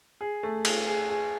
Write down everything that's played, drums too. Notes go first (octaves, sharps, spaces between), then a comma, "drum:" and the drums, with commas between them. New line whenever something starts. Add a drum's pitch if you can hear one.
G#4
A3
G#4, drum: cymbal
G#4
G#4